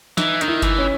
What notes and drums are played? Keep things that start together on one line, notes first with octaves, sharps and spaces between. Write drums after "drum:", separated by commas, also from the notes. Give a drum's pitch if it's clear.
E3 D#4, drum: snare
D#3 D#4, drum: hi-hat
E4
E3, drum: kick G1, hi-hat
C#4